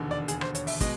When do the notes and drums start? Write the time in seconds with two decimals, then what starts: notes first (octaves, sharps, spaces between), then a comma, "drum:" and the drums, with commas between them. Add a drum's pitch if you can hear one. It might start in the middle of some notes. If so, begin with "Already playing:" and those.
Already playing: E1 D#2 D3
0.11 D5
0.28 G#4, drum: hi-hat
0.41 C5, drum: rim click
0.55 C#5, drum: hi-hat
0.67 E5, drum: open hi-hat
0.80 B2 G#3 D#5, drum: kick, hi-hat